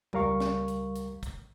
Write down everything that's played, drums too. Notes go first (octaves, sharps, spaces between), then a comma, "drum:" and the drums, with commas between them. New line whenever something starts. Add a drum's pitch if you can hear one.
C#2 G3 A#4 F5 C#6, drum: tom
drum: snare
drum: hi-hat
drum: hi-hat
drum: kick, hi-hat